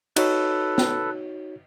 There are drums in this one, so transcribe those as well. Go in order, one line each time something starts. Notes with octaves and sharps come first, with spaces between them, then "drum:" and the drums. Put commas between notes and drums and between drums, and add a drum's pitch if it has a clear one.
D#4 F#4 A4 B4 C#5, drum: cymbal
drum: snare